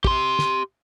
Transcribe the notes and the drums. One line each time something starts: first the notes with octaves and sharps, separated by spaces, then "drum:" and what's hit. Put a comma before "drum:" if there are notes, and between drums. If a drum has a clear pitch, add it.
G4 C6, drum: kick
drum: snare